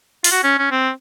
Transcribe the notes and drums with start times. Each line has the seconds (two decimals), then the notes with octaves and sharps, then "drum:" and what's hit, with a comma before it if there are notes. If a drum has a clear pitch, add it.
0.24 F4, drum: open hi-hat
0.31 F#4
0.44 C#4
0.58 C#4
0.71 C4